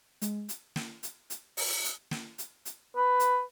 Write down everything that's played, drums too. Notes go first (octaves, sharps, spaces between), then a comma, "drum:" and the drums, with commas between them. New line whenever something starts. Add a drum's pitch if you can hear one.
G#3, drum: hi-hat
drum: hi-hat
drum: snare
drum: hi-hat
drum: hi-hat
drum: open hi-hat
drum: hi-hat
drum: snare
drum: hi-hat
drum: hi-hat
B4
drum: hi-hat